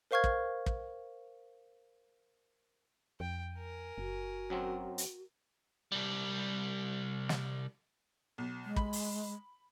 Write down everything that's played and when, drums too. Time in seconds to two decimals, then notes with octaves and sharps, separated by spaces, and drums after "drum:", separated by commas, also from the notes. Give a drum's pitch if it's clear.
0.11 A#4 C5 F5 C#6 F6 G#6
0.24 drum: kick
0.66 drum: kick
3.20 F2 G5
3.56 A#4 G#5
3.98 F#1 F#4
4.50 F#2 F#3 C4
4.98 drum: hi-hat
5.92 C2 G3
7.29 drum: snare
8.38 B1
8.64 G#3
8.76 B5, drum: kick
8.93 drum: open hi-hat